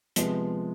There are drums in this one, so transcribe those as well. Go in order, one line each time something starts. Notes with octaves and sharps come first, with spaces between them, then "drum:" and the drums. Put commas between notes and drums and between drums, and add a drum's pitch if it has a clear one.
C3 F3 G#3 B3, drum: hi-hat